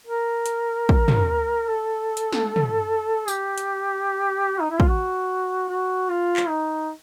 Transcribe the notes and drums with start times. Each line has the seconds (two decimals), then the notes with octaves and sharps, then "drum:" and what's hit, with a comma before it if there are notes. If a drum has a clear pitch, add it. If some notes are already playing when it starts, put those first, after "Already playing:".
0.07 A#4
0.46 drum: hi-hat
0.89 drum: kick
1.08 drum: tom
1.68 A4
2.17 drum: hi-hat
2.32 drum: snare
2.56 drum: tom
3.28 G4, drum: tambourine
3.58 drum: hi-hat
4.61 D#4
4.71 E4
4.80 F4, drum: kick
4.88 F#4
5.69 F#4
6.09 F4
6.36 drum: clap
6.49 D#4